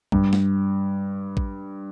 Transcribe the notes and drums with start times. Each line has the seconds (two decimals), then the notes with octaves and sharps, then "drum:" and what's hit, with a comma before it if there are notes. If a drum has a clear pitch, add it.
0.12 G2, drum: kick A1
0.33 drum: snare
1.37 drum: kick A1